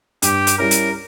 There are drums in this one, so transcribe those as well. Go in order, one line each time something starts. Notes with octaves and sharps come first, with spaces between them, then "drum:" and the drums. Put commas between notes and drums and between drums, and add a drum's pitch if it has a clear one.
G2 G4, drum: hi-hat
drum: hi-hat
G3 C#4 E4 A#4
drum: hi-hat